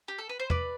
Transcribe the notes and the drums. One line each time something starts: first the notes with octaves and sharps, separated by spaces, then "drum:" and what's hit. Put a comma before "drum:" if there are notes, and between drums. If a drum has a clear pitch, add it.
G4
A4
B4
C5
B4 D5, drum: tom E2